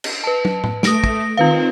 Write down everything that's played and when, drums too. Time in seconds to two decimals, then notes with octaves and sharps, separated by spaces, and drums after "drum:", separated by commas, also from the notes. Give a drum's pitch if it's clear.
0.04 drum: cymbal
0.24 B4 A5
0.45 drum: tom
0.64 drum: tom A2
0.83 A3 D#6 A#6 D7, drum: snare
1.04 drum: kick
1.37 D#3 C4 F4 B4 F5